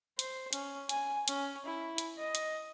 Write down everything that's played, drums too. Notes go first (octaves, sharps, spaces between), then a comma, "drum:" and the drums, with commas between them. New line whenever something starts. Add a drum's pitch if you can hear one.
C5, drum: hi-hat
C#4, drum: hi-hat
G#5, drum: hi-hat
C#4, drum: hi-hat
E4
drum: hi-hat
D#5
drum: hi-hat